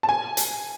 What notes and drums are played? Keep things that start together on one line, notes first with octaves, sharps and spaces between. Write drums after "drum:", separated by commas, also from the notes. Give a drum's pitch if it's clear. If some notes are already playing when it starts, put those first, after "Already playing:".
A5
G#5
drum: hi-hat